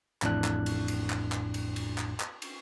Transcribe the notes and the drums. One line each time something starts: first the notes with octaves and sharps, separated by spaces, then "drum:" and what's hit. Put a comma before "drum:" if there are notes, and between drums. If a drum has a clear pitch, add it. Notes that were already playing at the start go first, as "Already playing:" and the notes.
A1 F2 A2 D4 F#6, drum: clap
drum: clap
drum: cymbal
drum: cymbal
drum: clap
drum: clap
drum: cymbal
drum: cymbal
drum: clap
drum: clap
drum: cymbal